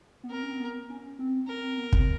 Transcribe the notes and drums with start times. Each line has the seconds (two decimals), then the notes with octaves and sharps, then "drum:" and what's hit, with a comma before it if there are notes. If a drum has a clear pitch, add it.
0.23 B3
0.30 C4 A#4
0.43 C#4
0.51 C4
0.60 B3
0.90 C#4
1.19 C4
1.47 C4 A#4
1.63 C4
1.77 B3
1.93 C4, drum: kick